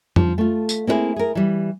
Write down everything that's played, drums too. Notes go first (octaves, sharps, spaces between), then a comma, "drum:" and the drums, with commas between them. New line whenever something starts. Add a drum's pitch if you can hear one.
F3, drum: tom F2
A3 F4
drum: tambourine
A#3 C4 D#4 E4 G#4
G#4 A#4
E3 G3